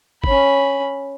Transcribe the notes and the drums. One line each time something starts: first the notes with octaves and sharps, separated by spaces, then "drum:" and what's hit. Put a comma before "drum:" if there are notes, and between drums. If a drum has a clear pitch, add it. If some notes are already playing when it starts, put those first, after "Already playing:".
C#4 B5, drum: kick